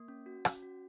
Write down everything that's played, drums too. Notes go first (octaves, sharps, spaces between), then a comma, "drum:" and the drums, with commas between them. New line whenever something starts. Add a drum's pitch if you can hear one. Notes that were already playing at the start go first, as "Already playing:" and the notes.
Already playing: A#3
C#4
F#4
C#4, drum: rim click
F#4